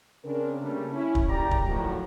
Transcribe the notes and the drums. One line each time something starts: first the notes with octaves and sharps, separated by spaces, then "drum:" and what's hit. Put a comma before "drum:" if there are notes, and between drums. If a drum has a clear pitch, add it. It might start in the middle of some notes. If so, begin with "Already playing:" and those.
C#3 C4 D4 A#4
C#3 G3 A3 A#3 C#4 D4
C#4 E4
drum: kick
F#1 G4 D5 G5 A#5
drum: kick
A2 D#3 F3 F#3